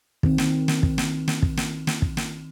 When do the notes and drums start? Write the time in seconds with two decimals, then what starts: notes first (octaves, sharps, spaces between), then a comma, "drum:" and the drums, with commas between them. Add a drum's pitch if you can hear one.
0.23 D#3 C4, drum: kick
0.38 drum: snare
0.68 drum: snare
0.83 drum: kick
0.98 drum: snare
1.28 drum: snare
1.42 drum: kick
1.57 drum: snare
1.87 drum: snare
2.02 drum: kick
2.17 drum: snare